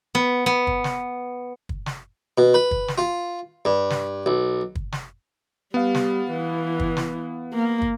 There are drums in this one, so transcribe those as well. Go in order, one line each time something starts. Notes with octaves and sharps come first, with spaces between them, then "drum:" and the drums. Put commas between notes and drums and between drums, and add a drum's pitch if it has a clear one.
B3
B3
drum: kick
drum: snare
drum: kick
drum: snare
B2
B4
drum: kick
drum: snare
F4
G2
drum: snare
B1
drum: kick
drum: snare
G3 B3 F5
drum: snare
E3
drum: kick
drum: snare
A#3
drum: kick